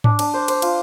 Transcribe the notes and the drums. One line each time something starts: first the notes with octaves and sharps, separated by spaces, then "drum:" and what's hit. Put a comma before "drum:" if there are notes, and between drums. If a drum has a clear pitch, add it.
D4, drum: tom G#2
D4, drum: cymbal
C5
C5, drum: cymbal
F4, drum: cymbal